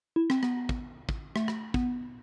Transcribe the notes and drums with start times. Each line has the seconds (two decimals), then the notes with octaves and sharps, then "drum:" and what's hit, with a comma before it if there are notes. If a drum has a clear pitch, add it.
0.16 E4
0.30 C4, drum: rim click
0.43 B3, drum: rim click
0.69 drum: kick
1.09 drum: kick
1.36 A3, drum: rim click
1.48 drum: rim click
1.74 B3, drum: kick